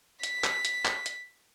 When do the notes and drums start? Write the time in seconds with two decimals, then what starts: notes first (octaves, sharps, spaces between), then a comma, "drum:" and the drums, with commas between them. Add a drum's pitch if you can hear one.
0.23 B6, drum: hi-hat
0.44 drum: clap
0.65 drum: hi-hat
0.85 drum: clap
1.06 drum: hi-hat